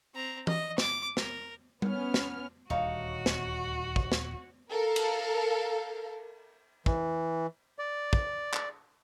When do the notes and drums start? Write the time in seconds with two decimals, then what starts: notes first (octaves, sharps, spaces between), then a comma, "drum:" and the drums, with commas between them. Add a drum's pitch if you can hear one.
0.14 C4 A#5
0.47 D#5, drum: tom E3
0.78 D6, drum: snare
1.17 A#4, drum: snare
1.82 B3 C#4 F6, drum: tom G3
2.14 drum: snare
2.70 D#1 D2 G3 D#4 F#4 C#5 F5
3.26 drum: snare
3.96 drum: kick
4.12 drum: snare
4.71 A4 A#4 F5
4.96 drum: cymbal
6.86 E3, drum: kick
7.79 D5
8.13 drum: kick
8.54 drum: clap